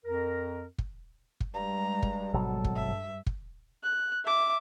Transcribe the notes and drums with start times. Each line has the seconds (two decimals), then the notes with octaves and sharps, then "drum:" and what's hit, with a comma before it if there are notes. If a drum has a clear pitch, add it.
0.05 F2 A#4
0.78 drum: kick
1.40 drum: kick
1.54 G2 G3 G#3 A#5
2.02 drum: kick
2.33 G#1 B2 F#3 A4
2.64 drum: kick
2.75 G2 E5
3.26 drum: kick
3.83 F#6
4.25 E5 D6